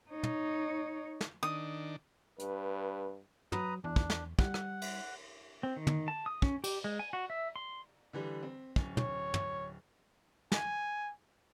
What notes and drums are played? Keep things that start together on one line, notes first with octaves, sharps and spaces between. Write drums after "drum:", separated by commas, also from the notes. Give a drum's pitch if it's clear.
D#4 C#5
drum: tom
drum: snare
D#3 D4 D#6
G2 B4, drum: hi-hat
F#3 B4 A#5 D#6, drum: tom
E2 D4
drum: kick
drum: snare
G3 F#5, drum: kick
drum: rim click
drum: cymbal
C4
D#3
drum: tom
A5
D#6
C#4, drum: kick
G4, drum: cymbal
G#3
G#5
F#4
E5
C6
D3 E3 G3
C4
D1 C#4, drum: kick
C#5, drum: tom
drum: tom
G#5, drum: snare